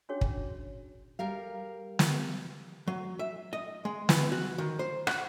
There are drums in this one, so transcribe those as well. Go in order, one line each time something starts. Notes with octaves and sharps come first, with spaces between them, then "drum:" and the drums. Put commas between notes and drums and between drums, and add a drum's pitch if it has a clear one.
C#4 D4 F#4 G#4 C#5
drum: kick
G3 A#4 F5
drum: snare
F#3
E5
D#5
G#3
E3, drum: snare
F#4
D#3
C5
F#5, drum: rim click